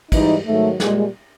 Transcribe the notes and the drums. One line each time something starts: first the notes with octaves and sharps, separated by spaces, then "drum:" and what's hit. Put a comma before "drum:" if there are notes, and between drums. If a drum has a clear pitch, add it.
G#2 E3 G3 D#4, drum: kick, cymbal
G#2 D#3 F#3 A3
A#2 G3 G#3, drum: snare